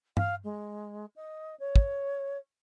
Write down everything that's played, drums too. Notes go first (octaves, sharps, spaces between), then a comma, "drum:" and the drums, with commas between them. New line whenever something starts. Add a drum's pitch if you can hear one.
F5, drum: tom G2
G#3
D#5
C#5
drum: kick